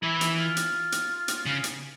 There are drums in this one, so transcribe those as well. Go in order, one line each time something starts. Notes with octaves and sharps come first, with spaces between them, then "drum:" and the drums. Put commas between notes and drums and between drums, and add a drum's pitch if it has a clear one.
E3 E4
drum: hi-hat
F4
drum: hi-hat
drum: hi-hat
drum: hi-hat
C#3
drum: hi-hat